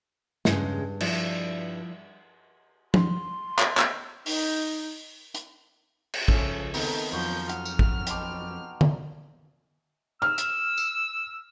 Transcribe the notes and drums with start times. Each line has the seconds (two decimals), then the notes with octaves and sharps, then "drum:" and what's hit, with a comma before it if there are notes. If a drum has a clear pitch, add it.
0.45 E2 G2 C#3 G#3, drum: snare
1.00 F3 E4 D5, drum: cymbal
2.94 C6, drum: tom F3
3.59 drum: clap
3.77 drum: clap
4.26 D#4, drum: open hi-hat
5.35 drum: hi-hat
6.14 drum: cymbal
6.28 C#2 F3 C#4 A4, drum: kick
6.74 D#3 B3 C4 D#4 A4, drum: open hi-hat
7.13 F2 F3 F#3 F#4 G6
7.49 F#5 F6, drum: hi-hat
7.65 drum: tambourine
7.79 drum: kick
8.07 B2 G5 A5 C6 D6, drum: hi-hat
8.81 drum: tom D3
10.22 E6 F6
10.38 drum: hi-hat
10.77 drum: tambourine